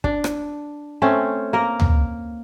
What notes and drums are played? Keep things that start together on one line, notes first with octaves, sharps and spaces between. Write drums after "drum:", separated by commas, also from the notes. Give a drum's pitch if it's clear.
D4, drum: kick
drum: rim click
A3 C4 C#4
A#3 A#4
drum: tom